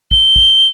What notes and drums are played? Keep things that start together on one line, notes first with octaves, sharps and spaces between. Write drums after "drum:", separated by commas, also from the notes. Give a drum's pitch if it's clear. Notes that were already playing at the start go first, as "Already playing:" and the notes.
G7, drum: kick
drum: kick